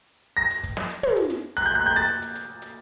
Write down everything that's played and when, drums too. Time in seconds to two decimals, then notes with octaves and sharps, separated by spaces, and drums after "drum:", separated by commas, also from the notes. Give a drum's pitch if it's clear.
0.37 A#6
0.50 drum: hi-hat
0.64 drum: kick, hi-hat
0.77 drum: snare
0.90 drum: hi-hat
1.03 drum: tom
1.16 drum: hi-hat
1.30 drum: hi-hat
1.57 F#6, drum: hi-hat
1.66 G6
1.75 F#6
1.86 G6
1.96 A6, drum: hi-hat
2.22 drum: hi-hat
2.35 drum: hi-hat
2.62 drum: hi-hat